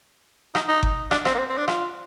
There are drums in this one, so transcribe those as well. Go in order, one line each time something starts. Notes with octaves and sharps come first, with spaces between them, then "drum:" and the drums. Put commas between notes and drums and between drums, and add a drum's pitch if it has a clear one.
D#4, drum: rim click
D#4
drum: kick G1
D4, drum: rim click
C4, drum: rim click
A#3
C4
C4
D4
F4, drum: rim click